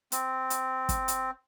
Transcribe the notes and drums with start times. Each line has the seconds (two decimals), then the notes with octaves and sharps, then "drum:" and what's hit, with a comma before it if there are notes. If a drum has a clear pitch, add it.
0.12 C4, drum: hi-hat
0.50 drum: hi-hat
0.89 drum: kick, hi-hat
1.08 drum: hi-hat